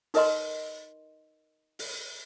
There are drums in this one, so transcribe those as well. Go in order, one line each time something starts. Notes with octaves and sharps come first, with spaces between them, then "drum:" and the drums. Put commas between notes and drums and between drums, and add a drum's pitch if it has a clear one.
D#4 A#4 B4 D#5 A#5 C6, drum: open hi-hat
drum: open hi-hat